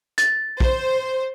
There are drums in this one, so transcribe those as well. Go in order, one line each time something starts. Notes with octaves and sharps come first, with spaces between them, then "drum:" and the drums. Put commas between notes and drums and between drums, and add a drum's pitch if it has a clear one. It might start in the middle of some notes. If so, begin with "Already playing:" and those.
A6, drum: hi-hat
C5, drum: kick A#1